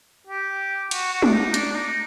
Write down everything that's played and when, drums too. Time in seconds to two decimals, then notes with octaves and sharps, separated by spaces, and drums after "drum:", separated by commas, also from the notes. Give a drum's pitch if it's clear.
0.27 G4
0.91 F#4, drum: cymbal
1.13 F#4
1.22 D4, drum: tom G#3
1.33 D#4
1.54 D4, drum: hi-hat
1.71 D4
1.76 D#4